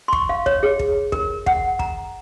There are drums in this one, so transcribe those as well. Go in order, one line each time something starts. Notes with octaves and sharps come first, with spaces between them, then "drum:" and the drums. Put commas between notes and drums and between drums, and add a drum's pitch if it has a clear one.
C6
C#6, drum: kick
F5
C#5, drum: kick
G#4
drum: kick
A#4, drum: kick
F#5, drum: kick
A#5, drum: kick